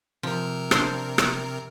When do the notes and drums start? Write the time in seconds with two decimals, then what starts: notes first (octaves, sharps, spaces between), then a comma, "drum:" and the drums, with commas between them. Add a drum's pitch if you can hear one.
0.23 C3 F3 A#4
0.71 D4 C5, drum: rim click
1.18 drum: rim click